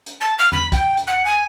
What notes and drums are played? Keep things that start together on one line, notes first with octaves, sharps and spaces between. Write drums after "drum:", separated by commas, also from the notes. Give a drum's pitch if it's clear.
drum: hi-hat
A5
F6
B5, drum: tom E2
G5, drum: kick, hi-hat
drum: hi-hat
F#5
G#5